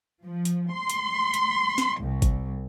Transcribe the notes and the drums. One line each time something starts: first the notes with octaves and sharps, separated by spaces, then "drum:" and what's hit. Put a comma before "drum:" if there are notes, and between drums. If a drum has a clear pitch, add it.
F3
drum: hi-hat
C6
drum: hi-hat
drum: hi-hat
drum: snare
C2
drum: kick G#1, hi-hat